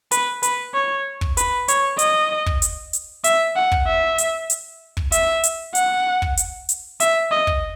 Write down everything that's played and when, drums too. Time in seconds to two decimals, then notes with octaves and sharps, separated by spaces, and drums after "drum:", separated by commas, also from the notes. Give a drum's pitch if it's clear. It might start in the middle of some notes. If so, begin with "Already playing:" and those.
0.12 B4, drum: hi-hat
0.43 B4, drum: hi-hat
0.74 C#5
1.21 drum: kick
1.37 B4, drum: hi-hat
1.68 C#5, drum: hi-hat
1.99 D#5, drum: hi-hat
2.46 drum: kick
2.62 drum: hi-hat
2.93 drum: hi-hat
3.24 E5, drum: hi-hat
3.56 F#5
3.72 drum: kick
3.87 E5
4.19 drum: hi-hat
4.50 drum: hi-hat
4.97 drum: kick
5.12 E5, drum: hi-hat
5.44 drum: hi-hat
5.75 F#5, drum: hi-hat
6.22 drum: kick
6.38 drum: hi-hat
6.69 drum: hi-hat
7.00 E5, drum: hi-hat
7.31 D#5
7.47 drum: kick